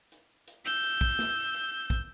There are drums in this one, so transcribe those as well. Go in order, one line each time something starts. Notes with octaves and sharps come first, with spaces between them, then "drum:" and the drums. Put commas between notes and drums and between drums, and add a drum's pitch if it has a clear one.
drum: hi-hat
drum: hi-hat
E6 G6
drum: hi-hat
drum: kick
drum: snare
drum: hi-hat
drum: kick, hi-hat